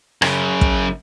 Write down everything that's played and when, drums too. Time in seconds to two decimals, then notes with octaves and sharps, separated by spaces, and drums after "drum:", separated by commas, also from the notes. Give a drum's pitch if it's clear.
0.22 F#2 C#3, drum: rim click
0.61 drum: kick